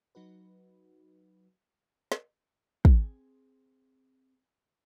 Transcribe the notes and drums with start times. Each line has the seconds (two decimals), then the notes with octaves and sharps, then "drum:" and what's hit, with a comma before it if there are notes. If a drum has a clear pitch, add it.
0.15 F#3 D#4 F#4 B4
2.12 drum: snare
2.85 C4 G#4 G#5, drum: kick